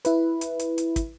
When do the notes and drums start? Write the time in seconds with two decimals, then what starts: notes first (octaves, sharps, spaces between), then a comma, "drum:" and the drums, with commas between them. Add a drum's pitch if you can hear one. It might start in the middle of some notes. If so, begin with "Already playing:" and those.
0.05 E4 B4, drum: hi-hat
0.41 drum: hi-hat
0.59 drum: hi-hat
0.78 drum: hi-hat
0.96 drum: kick, hi-hat